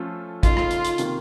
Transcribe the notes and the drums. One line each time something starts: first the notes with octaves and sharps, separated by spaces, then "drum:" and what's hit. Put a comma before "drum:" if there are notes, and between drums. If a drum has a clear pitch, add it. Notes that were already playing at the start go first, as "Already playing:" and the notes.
Already playing: F3 A3 C#4 F4 A4
C#3 A3 D#4 F4, drum: kick, hi-hat
drum: rim click
drum: hi-hat
drum: hi-hat
C3 D#3 A#3, drum: hi-hat